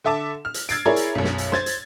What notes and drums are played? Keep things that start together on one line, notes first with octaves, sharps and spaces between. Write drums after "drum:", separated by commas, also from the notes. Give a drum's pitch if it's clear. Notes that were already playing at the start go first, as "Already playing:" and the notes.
D3 A4 E5 A5 D6 E7
F6
drum: hi-hat
E6 G#6 A6 C7 D7, drum: hi-hat
E4 G#4 A#4 C#5 D5
drum: hi-hat
B1 F#2
drum: snare
drum: hi-hat
C5 G#6 A6, drum: snare
drum: hi-hat